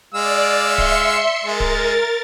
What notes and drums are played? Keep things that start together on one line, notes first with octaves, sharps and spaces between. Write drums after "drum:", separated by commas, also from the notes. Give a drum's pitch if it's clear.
G#3 D5 F5 E6
E5 C6 C#7
drum: kick D1
G#3 A#4 A6
drum: kick D1